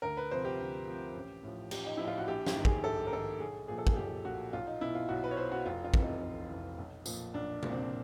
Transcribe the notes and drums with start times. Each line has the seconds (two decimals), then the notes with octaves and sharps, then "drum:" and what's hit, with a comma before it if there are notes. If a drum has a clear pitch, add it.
0.02 D2 A#4
0.17 B4
0.31 C3 F3 C5
0.45 G4
0.59 D2
0.88 C3 F3
1.15 A1
1.43 A2 F3
1.71 A1 G4, drum: cymbal
1.86 D#4
1.97 F3 E4
2.04 A2 F4
2.18 F#4
2.28 A#1 G4
2.46 G4, drum: snare
2.56 G#2 D#3
2.65 G#4, drum: kick
2.84 A#1 A4
3.07 A#4
3.13 G#2 D#3 A4
3.40 B1 G#4
3.68 A#2 F3 G#4
3.78 A4
3.87 G#4, drum: kick
3.96 B1 G4
4.25 A#2 F3 F#4
4.53 B1 F4
4.67 D#4
4.81 B2 E4
4.95 F4
5.09 B1 F#4
5.24 B4
5.31 C#5
5.37 B2 C5
5.52 F#4
5.66 F1 F4
5.84 F4
5.94 F2 C3 E3, drum: kick
6.03 D#4
6.21 F1
6.49 F2 C3 E3
6.78 B1
7.06 A#2 F3, drum: tambourine
7.34 B1 D4
7.63 A#2 F3, drum: tom C3
7.72 C4